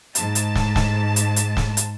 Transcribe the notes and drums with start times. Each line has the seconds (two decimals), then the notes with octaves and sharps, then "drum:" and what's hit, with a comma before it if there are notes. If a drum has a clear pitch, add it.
0.15 G#2 A5, drum: hi-hat
0.35 drum: hi-hat
0.55 drum: snare
0.76 drum: snare
1.16 drum: hi-hat
1.36 drum: hi-hat
1.57 drum: snare
1.77 drum: hi-hat